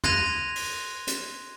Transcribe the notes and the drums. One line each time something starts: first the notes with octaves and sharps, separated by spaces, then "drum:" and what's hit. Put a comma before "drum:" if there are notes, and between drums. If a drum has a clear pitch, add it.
C6 F#6 G#6 A#6 D#7 F7, drum: tom
drum: open hi-hat
drum: hi-hat